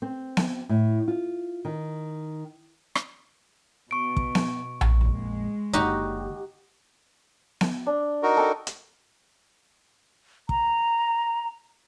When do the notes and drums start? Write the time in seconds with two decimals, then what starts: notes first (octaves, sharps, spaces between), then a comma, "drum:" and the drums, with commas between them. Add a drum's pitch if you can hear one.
0.02 C4
0.37 drum: snare B3
0.69 A2
1.08 F4
1.65 D#3
2.95 drum: rim click
3.91 B2 C#6 D7
4.17 drum: kick
4.35 drum: snare B3
4.81 drum: tom A#1
5.01 A#1 F2 G#3
5.73 F#1 D3 D#4 F#4 G4
7.61 drum: snare B3
7.87 D4
8.23 D#4 F#4 A#4
8.37 A4 G5 D6
8.67 drum: hi-hat
10.49 A#5, drum: kick